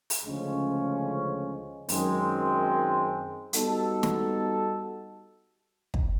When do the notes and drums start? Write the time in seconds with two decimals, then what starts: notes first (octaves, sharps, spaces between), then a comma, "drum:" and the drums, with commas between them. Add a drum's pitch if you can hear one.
0.10 drum: open hi-hat
0.24 D2 C#3 F3 G#3 C#4
1.89 F#2 D#3 G#3 C4, drum: open hi-hat
3.53 G3 B3 D#4 F#4 A4, drum: hi-hat
4.03 drum: snare
5.94 drum: kick